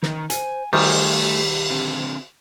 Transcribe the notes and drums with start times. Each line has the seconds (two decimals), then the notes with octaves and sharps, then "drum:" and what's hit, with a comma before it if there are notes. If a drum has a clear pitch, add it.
0.03 D#3 D#4, drum: snare
0.30 C5 G#5, drum: hi-hat
0.73 D#3 G3 A3 G4 G#5, drum: cymbal
1.70 D3 C4